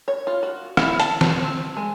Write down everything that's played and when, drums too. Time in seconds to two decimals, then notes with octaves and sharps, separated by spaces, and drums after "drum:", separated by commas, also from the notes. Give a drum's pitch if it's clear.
0.08 C#5
0.27 F4
0.43 F#4
0.77 E4, drum: rim click
1.00 A5, drum: hi-hat
1.21 drum: snare
1.43 C4
1.77 G#3